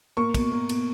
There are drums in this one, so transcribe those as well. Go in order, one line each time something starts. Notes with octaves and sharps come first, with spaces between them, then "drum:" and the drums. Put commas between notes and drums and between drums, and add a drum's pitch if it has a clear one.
A#3 C#6
B2, drum: kick, cymbal
A#3
B2, drum: cymbal